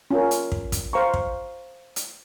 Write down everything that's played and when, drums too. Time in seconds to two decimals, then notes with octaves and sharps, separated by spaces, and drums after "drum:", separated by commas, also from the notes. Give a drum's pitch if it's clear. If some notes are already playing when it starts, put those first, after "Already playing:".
0.11 C#4 F4 A#4
0.31 drum: hi-hat
0.52 drum: kick
0.72 drum: kick, hi-hat
0.93 C5 F5 A#5 C#6
1.14 drum: kick
1.96 drum: hi-hat